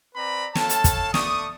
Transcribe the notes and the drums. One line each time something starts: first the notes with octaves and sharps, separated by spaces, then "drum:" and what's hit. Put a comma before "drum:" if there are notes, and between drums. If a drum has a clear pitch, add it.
C4 B4 D5 A#5 B5
A4 C#5 F5 A5, drum: snare
drum: hi-hat
drum: kick, hi-hat
A3 D5 C#6 D#6, drum: snare